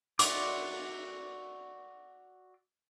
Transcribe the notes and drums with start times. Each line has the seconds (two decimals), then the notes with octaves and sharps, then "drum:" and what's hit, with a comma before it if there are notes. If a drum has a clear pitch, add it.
0.19 F#4 D5 E5 C6 D6, drum: hi-hat